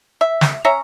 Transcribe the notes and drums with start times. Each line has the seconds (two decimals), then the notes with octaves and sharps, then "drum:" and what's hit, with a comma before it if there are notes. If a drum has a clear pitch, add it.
0.21 E5
0.41 drum: snare
0.65 C#4 C#5 E5 A#5